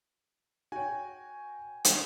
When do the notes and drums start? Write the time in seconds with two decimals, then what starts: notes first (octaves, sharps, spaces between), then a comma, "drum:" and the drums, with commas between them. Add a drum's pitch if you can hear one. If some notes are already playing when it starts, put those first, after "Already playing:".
0.72 F#4 C#5 G5 G#5
1.84 drum: hi-hat